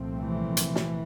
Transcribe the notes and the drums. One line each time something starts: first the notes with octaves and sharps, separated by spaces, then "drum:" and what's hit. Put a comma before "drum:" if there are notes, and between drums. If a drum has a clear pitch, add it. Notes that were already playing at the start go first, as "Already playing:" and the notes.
Already playing: C2 A#2 F3 A3 C4
E3
drum: hi-hat
drum: snare